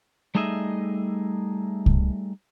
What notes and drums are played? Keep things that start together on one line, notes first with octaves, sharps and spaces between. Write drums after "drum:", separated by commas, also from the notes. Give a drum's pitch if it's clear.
G3 A3 D#4 G#4 D#5 E5
drum: kick C2